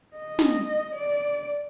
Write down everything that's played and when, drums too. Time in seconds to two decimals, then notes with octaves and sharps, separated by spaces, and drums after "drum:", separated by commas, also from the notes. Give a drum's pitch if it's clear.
0.16 D#5
0.39 drum: snare
0.95 D5